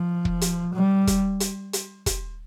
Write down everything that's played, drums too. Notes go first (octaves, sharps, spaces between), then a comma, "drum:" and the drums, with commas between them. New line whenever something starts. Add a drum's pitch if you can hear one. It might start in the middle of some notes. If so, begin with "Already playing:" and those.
Already playing: F3
drum: kick
drum: hi-hat
G3
drum: kick, hi-hat
drum: hi-hat
drum: hi-hat
drum: kick, hi-hat